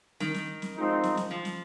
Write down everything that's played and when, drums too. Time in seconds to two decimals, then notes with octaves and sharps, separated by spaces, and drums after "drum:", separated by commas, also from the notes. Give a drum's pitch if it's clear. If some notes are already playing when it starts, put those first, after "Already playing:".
0.20 D#3, drum: snare
0.34 drum: snare
0.62 drum: snare
0.76 F3 G#3 C4 D#4
1.03 drum: snare
1.17 drum: snare
1.31 F3
1.45 drum: snare